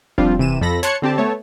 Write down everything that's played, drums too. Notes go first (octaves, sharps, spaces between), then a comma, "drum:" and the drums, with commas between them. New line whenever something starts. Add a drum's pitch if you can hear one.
F3 G3 C4 D4 F4, drum: kick E1
C3 E3 D#7 E7
F2 F3 A4 B5 A#6
C#5 A5 C6 F#6 G#6 C#7, drum: snare
D3 C4 G4 A5
A3 B3 C#5 A5